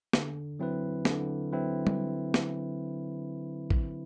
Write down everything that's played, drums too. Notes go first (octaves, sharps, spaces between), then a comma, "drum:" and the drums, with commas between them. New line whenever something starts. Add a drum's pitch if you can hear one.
D3, drum: snare
F#3 C4 E4 B4
D3, drum: snare
F#3 C4 E4 B4
drum: tom
drum: snare
drum: kick